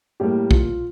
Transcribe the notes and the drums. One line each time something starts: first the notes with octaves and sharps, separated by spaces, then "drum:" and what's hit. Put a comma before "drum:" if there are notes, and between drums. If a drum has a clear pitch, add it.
A2 G3 A#3 G4
F4, drum: kick A#1